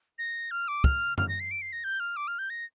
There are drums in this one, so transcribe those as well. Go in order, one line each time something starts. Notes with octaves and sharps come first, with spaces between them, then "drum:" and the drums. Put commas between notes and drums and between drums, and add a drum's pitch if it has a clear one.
A#6
F6
D6
F6, drum: kick
F6, drum: tom F#2
A#6
C7
D7
C7
A#6
G6
F6
D6
F6
G6
A#6